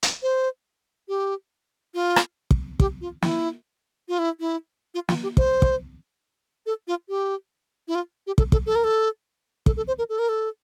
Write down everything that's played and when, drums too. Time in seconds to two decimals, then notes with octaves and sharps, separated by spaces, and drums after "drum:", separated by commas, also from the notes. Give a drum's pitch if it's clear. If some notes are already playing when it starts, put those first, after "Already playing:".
0.03 drum: hi-hat
0.23 C5
1.08 G4
1.94 F4
2.16 drum: rim click
2.51 drum: kick
2.80 G4, drum: kick
3.01 F4
3.22 E4, drum: snare
4.09 F4
4.19 E4
4.40 E4
4.94 F4
5.09 F4, drum: snare
5.23 G4
5.37 C5, drum: kick
5.62 drum: kick
6.66 A4
6.87 F4
7.09 G4
7.88 E4
7.95 F4
8.27 G4
8.38 A4, drum: kick
8.52 A4, drum: kick
8.66 A4
8.75 A#4
8.84 A4
9.66 A4, drum: kick
9.77 A4
9.88 C5
9.98 A#4
10.09 A4
10.19 A#4
10.29 A4